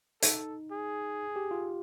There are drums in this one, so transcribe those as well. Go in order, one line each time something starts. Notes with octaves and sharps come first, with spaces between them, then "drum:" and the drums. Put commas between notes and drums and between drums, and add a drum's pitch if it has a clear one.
D#4 A4, drum: hi-hat
G#4
G4
F4